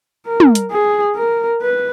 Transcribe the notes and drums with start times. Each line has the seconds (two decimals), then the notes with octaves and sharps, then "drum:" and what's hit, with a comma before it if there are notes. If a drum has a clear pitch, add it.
0.26 A#4
0.40 drum: tom
0.55 drum: hi-hat
0.71 G#4
1.15 A#4
1.61 B4